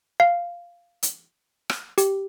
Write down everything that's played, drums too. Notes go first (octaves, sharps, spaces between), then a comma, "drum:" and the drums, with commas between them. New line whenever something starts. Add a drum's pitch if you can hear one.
F5
drum: hi-hat
drum: rim click
G4, drum: hi-hat